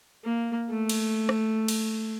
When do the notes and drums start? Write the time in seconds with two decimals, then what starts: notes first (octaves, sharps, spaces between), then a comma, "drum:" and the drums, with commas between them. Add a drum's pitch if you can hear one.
0.24 A#3
0.70 A3
0.89 drum: cymbal
1.29 drum: rim click
1.68 drum: cymbal